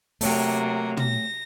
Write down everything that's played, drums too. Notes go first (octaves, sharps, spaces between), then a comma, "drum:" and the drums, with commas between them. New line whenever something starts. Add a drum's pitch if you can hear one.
C3 F#3 A3 A#3 C#5 G5, drum: open hi-hat
A#6, drum: tom